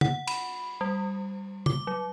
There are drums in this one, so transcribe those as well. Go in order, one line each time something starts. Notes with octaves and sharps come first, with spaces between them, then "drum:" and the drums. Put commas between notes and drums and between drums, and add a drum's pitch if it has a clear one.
F#5, drum: tom
B5, drum: cymbal
G3
D6, drum: tom
F#3